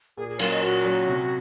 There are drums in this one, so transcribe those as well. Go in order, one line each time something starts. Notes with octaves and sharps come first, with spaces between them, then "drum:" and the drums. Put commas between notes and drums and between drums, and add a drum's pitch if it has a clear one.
A#2 G#4
G#4
F#3 A#3 C#4 F5, drum: cymbal
D#5
A#2 F#4
F#3 A#3 C#4
C3